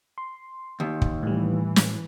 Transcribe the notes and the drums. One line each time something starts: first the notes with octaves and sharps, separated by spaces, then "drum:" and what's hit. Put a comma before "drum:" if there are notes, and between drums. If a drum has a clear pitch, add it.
C6
D#2
drum: kick
A2 E3 G3
drum: snare